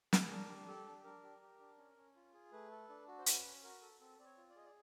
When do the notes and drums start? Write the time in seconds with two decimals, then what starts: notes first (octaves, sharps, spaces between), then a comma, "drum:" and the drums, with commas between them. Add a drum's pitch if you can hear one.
0.13 G#4, drum: snare
0.30 D4 A#4
0.49 G4
0.67 G4 A4
0.87 D4
1.04 D4 A#4
1.23 G4
1.42 G4
1.60 D4
1.78 C#4
1.97 C#4
2.16 F4
2.33 G#4
2.52 A3 B4
2.71 A4
2.89 D4
3.08 F#4
3.18 C5
3.26 C#4 B4, drum: hi-hat
3.45 C#4
3.63 F#4 A#4
3.82 A4
4.00 C4 A4
4.19 C4 D5
4.25 C#5
4.37 F4
4.50 D5
4.55 G#4 D#5
4.65 D5